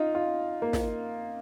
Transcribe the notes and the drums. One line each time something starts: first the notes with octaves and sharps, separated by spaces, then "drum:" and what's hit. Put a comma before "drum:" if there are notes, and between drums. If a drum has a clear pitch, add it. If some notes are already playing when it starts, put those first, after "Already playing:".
Already playing: D#4 F4
F4
A#3
drum: snare